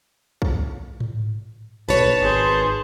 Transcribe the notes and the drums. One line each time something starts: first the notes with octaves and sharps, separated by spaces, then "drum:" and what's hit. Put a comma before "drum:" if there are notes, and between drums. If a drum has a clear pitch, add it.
drum: kick
drum: tom G#2
B1 B4 C#5 A5
G#1 G#4 C5